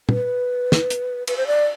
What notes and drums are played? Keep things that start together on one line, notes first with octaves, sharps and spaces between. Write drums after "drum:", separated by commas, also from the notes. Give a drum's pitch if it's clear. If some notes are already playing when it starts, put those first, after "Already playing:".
B4, drum: tom
drum: snare
drum: hi-hat
B4, drum: cymbal
C5
D5